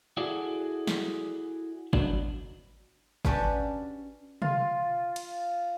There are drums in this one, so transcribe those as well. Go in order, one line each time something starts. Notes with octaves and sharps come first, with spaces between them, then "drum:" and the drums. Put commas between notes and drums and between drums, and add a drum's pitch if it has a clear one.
E4 F#4 G#4 A4 D5
drum: snare
F#3 B3 D4 D#4, drum: kick G#1
C#4 D4 F#4 G4 B4, drum: kick G#1
F4, drum: tom
drum: cymbal